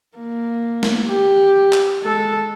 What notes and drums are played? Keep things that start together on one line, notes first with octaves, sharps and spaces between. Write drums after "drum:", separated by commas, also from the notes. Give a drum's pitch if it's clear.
A#3
drum: snare
G4
drum: clap
G#3 A4